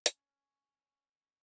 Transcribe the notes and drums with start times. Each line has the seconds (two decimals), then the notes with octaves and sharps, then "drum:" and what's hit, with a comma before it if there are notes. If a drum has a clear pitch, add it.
0.06 C#4, drum: hi-hat